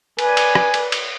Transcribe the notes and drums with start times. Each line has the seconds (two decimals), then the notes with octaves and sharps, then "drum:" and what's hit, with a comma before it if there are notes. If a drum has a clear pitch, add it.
0.19 B4 D5 G#5, drum: cymbal
0.37 drum: cymbal
0.55 drum: rim click
0.74 drum: cymbal
0.92 drum: cymbal